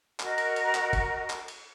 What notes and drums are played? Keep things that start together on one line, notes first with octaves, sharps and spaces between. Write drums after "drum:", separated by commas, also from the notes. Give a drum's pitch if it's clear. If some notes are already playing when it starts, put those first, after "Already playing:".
F#4 A#4 D#5, drum: clap
drum: cymbal
drum: cymbal
drum: clap
drum: kick F#1, cymbal
drum: clap
drum: cymbal